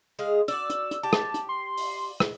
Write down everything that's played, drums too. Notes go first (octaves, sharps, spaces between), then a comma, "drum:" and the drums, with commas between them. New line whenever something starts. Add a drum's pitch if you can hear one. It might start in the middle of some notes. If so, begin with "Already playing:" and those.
G#3 G#4 F5
F#4 D5 E6, drum: hi-hat
drum: hi-hat
drum: hi-hat
G4 A5
drum: rim click
drum: hi-hat
C6
drum: open hi-hat
drum: rim click